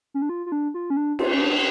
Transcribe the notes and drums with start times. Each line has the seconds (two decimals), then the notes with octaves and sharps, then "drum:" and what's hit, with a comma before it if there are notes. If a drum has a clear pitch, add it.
0.14 C#4
0.22 D4
0.29 F4
0.46 F4
0.52 D4
0.74 F4
0.90 C#4
0.97 D4
1.19 F4, drum: cymbal
1.34 C#4
1.41 D4